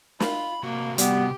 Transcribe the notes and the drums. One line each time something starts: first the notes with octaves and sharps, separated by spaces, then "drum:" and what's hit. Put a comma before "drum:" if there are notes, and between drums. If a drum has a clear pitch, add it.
F4 B5, drum: snare
C3 A#3 F#4
G3 B3 G4, drum: hi-hat